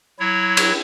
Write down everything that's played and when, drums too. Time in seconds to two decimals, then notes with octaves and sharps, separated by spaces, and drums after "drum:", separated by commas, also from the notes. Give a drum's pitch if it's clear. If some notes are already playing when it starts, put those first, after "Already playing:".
0.20 F#3 E4 C#5
0.57 drum: cymbal